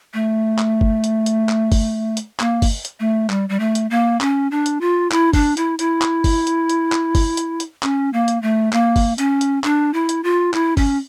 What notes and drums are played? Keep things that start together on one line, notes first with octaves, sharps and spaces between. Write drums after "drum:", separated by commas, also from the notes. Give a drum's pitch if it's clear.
A3
drum: clap
drum: kick G1
drum: hi-hat
drum: hi-hat
drum: clap
drum: kick G1, open hi-hat
drum: hi-hat
A#3, drum: clap
drum: kick G1, open hi-hat
drum: hi-hat
A3
G3, drum: clap
G3
A3
drum: hi-hat
A#3
C#4, drum: clap
D4
drum: hi-hat
F4
E4, drum: clap
D4, drum: kick G1, open hi-hat
E4, drum: hi-hat
E4, drum: hi-hat
drum: clap
drum: kick G1, open hi-hat
drum: hi-hat
drum: hi-hat
drum: clap
drum: kick G1, open hi-hat
drum: hi-hat
drum: hi-hat
C#4, drum: clap
A#3
drum: hi-hat
A3
A#3, drum: clap
drum: kick G1, open hi-hat
C#4, drum: hi-hat
drum: hi-hat
D4, drum: clap
E4
drum: hi-hat
F4
E4, drum: clap
C#4, drum: kick G1, open hi-hat